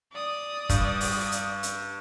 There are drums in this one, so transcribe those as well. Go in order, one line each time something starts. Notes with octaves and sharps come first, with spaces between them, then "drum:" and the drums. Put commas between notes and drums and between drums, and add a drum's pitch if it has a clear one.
D5 D#6
G2, drum: kick, hi-hat
drum: open hi-hat
drum: hi-hat
drum: hi-hat